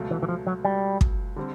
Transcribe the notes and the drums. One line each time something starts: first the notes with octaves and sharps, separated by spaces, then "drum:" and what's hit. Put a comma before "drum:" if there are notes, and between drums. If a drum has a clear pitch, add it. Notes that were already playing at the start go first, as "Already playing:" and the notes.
Already playing: C#2 B2 F#3 A3
E3
E3
F3
F#3
G3
drum: kick
D3 G3 C4